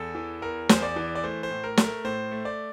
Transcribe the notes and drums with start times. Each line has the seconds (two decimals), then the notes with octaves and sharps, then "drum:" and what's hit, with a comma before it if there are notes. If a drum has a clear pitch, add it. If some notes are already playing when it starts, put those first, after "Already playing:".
Already playing: E2 A4
0.15 E3
0.42 E2 A#4
0.69 E2 C5, drum: snare
0.83 D5
0.96 E3
1.15 D5
1.23 A3 C5
1.43 C5
1.50 A2
1.64 A#4
1.77 A3, drum: snare
1.84 A#4
2.04 A2 C5
2.32 A3
2.45 D5